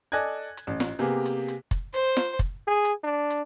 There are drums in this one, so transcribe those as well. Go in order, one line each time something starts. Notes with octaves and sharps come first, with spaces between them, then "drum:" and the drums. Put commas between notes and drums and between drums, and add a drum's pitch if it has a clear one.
A4 D5 D#5 G#5 F#6 G#6
drum: hi-hat
A1
drum: snare
C3 A#3 B3 G4 G#4
drum: hi-hat
drum: hi-hat
drum: kick, hi-hat
C5, drum: hi-hat
drum: snare
drum: kick, hi-hat
G#4
drum: hi-hat
D4
drum: hi-hat